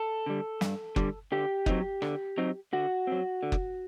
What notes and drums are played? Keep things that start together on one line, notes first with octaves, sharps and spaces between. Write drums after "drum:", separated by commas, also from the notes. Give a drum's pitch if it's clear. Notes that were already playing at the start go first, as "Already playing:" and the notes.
Already playing: A4
D3 G3
G2, drum: snare
D3 G3, drum: kick F#1
D3 G4
F#3 C4 D#4, drum: kick F#1
D3, drum: rim click
F#3 C4 D#4
D3 F#4
F#3 C4
D3
drum: kick F#1